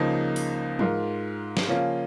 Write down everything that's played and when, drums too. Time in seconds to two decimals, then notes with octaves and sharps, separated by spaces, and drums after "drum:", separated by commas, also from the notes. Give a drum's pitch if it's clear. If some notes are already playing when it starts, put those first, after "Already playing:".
Already playing: C#2 C#3 F3 A#3 D#4
0.36 drum: open hi-hat
0.79 G#2 G#3 F4 A#4, drum: tom
1.57 drum: snare
1.67 C#3 F3 A#3 C#4 F4